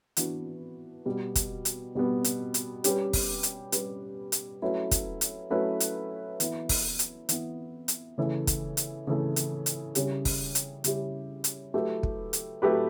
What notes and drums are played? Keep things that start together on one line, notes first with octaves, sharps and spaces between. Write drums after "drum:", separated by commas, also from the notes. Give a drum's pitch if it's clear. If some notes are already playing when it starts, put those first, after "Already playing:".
E3 B3 D4 F#4 B4, drum: hi-hat
B2 G3 B3
drum: kick, hi-hat
drum: hi-hat
B2 G3 B3
drum: hi-hat
drum: hi-hat
G3 C#4 G4 B4, drum: hi-hat
drum: kick, open hi-hat
drum: hi-hat
G3 C#4 G4 B4, drum: hi-hat
drum: hi-hat
F#3 A3 C#4 E4 B4
drum: kick, hi-hat
drum: hi-hat
F#3 A3 C#4 E4 B4
drum: hi-hat
E3 B3 E4, drum: hi-hat
drum: kick, open hi-hat
drum: hi-hat
E3 B3 E4, drum: hi-hat
drum: hi-hat
C#3 E3 A3
drum: kick, hi-hat
drum: hi-hat
C#3 E3 A3
drum: hi-hat
drum: hi-hat
C#3 G3 C#4 E4 G4, drum: hi-hat
drum: kick, open hi-hat
drum: hi-hat
C#3 G3 C#4 E4 G4, drum: hi-hat
drum: hi-hat
F#3 A3 E4 G4 B4
drum: kick
drum: hi-hat
F#3 A3 E4 G4 B4